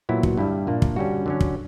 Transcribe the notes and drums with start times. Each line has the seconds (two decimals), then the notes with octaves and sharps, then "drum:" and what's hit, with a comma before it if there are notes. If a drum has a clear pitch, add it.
0.09 A#2 F#3 B3 E4
0.23 F#4, drum: kick
0.37 G2 D3 G3 E4
0.67 A#2 A#3 D4
0.82 drum: kick
0.96 G2 D3 G3 C#4 F#4
1.26 D3 F#3 C#4
1.40 drum: kick